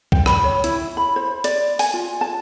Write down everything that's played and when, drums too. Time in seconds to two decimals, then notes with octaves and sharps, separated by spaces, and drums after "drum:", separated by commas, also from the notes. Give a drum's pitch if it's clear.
0.12 G5, drum: kick C2
0.26 B5, drum: rim click
0.44 C#5
0.64 E4, drum: hi-hat
0.97 B5
1.16 C5
1.44 D5, drum: hi-hat
1.79 G#5, drum: open hi-hat
1.94 F4
2.21 A5